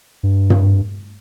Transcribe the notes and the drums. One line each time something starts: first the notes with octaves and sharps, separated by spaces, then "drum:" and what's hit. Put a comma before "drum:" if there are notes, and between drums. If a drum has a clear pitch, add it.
G2
drum: tom